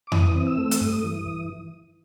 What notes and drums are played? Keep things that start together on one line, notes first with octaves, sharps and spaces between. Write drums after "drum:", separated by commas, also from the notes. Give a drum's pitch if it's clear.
D6
E3 D#6, drum: tom F2
C4
E6
A3
drum: hi-hat
G2 D#6
E3